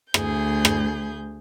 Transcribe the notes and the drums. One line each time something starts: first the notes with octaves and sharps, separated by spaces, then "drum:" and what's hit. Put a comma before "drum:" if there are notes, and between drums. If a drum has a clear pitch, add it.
D2 G#4 G6, drum: rim click
drum: rim click